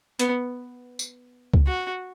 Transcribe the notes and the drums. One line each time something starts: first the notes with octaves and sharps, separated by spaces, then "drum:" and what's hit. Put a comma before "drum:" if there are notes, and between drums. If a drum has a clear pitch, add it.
B3, drum: hi-hat
drum: tambourine
drum: kick C#2
F#4